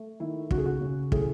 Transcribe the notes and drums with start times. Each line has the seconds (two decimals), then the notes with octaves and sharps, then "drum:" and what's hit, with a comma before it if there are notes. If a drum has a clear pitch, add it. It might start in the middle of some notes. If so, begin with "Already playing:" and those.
Already playing: A3
0.20 D#3 E4
0.51 C#3 F#4, drum: kick
0.58 G#4
0.65 F#4
0.81 C#3
1.12 A2 G#4, drum: kick